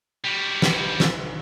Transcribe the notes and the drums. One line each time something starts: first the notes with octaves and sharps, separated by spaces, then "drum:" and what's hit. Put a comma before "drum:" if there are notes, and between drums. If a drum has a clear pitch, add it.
G3 F#4
drum: snare
drum: snare